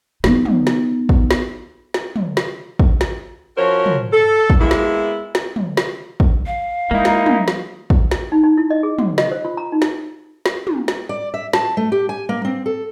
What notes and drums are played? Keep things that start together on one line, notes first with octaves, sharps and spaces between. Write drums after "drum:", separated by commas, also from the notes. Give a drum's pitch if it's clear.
B3 D#4, drum: snare
drum: tom
drum: snare
drum: kick
drum: snare
drum: snare
drum: tom
drum: snare
drum: kick
drum: snare
F3 C#4 F#4 A#4 C5 C#5
drum: tom
A4
drum: kick
G#3 A#3 B3 E4
drum: snare
drum: snare
drum: tom
drum: snare
drum: kick
F5
G#3 A#3 D#4 E4
drum: snare
drum: tom
drum: snare
drum: kick
drum: snare
D#4
D#4
E4
D#5
G#4
F#4, drum: tom
D#5, drum: snare
C5
F4
A#5
D#4
drum: snare
drum: snare
drum: tom
drum: snare
D5
E5
A5, drum: snare
A3
G4
G#5
A#3
C4
A4